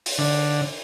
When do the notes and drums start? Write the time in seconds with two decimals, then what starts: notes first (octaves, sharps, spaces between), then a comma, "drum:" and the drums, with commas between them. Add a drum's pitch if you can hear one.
0.06 drum: open hi-hat
0.18 D3